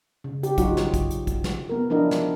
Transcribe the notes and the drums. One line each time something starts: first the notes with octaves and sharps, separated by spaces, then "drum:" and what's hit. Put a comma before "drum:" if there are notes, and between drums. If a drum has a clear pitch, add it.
C#3
G4, drum: hi-hat
F#3 D#4 F4 F#4, drum: kick, hi-hat
drum: snare
drum: kick, hi-hat
drum: hi-hat
drum: kick, hi-hat
drum: snare
B3 A#4
F3 D4 E4 A#4 D#5
drum: snare